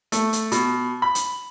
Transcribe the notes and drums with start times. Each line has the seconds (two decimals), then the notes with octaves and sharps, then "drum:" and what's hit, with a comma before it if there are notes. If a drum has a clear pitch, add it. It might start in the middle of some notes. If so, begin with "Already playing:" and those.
0.12 A3, drum: hi-hat
0.33 drum: hi-hat
0.52 B2, drum: hi-hat
1.02 B5
1.15 drum: hi-hat